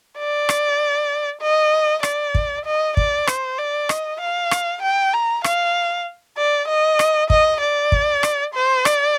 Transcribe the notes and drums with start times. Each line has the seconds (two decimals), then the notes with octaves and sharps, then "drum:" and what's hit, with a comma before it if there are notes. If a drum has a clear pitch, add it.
0.18 D5
0.49 drum: rim click
1.41 D#5
2.03 D5, drum: rim click
2.35 drum: kick
2.65 D#5
2.97 D5, drum: kick
3.27 C5, drum: rim click
3.58 D5
3.89 D#5, drum: rim click
4.21 F5
4.51 drum: rim click
4.82 G5
5.14 A#5
5.44 F5, drum: rim click
6.37 D5
6.68 D#5
6.99 drum: rim click
7.30 D#5, drum: kick
7.61 D5
7.92 drum: kick
8.23 drum: rim click
8.54 C5
8.85 D5, drum: rim click